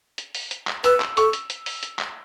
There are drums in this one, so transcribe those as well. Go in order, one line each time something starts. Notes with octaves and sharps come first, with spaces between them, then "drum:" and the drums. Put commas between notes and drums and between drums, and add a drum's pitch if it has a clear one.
drum: hi-hat
drum: open hi-hat
drum: hi-hat
drum: clap
B4 E6, drum: hi-hat
drum: clap
A4 C#6, drum: hi-hat
drum: hi-hat
drum: hi-hat
drum: open hi-hat
drum: hi-hat
drum: clap